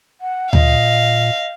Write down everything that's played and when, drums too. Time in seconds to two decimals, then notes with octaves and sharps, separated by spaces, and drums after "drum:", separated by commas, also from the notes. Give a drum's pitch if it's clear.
0.21 F#5
0.53 A#2 D#5 F5, drum: tom D2